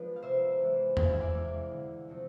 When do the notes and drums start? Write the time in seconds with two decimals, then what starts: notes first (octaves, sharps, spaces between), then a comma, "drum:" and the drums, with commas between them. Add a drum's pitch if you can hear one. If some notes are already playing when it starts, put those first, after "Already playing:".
Already playing: F3 G#3 B3 D4 B4 D5
0.16 F5
0.22 C3 C5 E5
0.60 E3 G#3
0.97 C3 G#5, drum: tom E2
1.05 F5
1.13 E5
1.21 D5 F5
1.34 E3 G#3
1.71 D3
2.08 F3 A3 C4 E4